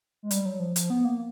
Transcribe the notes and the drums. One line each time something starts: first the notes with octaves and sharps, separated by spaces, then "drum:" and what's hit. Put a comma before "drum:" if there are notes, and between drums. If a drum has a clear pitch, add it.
G#3
G3, drum: hi-hat
F#3
F3
F3, drum: hi-hat
B3
A#3